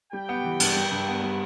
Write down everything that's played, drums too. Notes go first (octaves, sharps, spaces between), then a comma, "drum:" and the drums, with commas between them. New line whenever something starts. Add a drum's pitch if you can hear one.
G3 G4 G5
B3
E3
G2, drum: cymbal
G3
G2
B3
G3